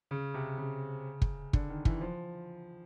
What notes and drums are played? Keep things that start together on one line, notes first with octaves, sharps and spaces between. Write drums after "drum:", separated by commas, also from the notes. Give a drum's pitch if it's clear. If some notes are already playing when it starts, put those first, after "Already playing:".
C#3
C3
C#3
drum: kick
D3, drum: kick
D#3
E3, drum: kick
F3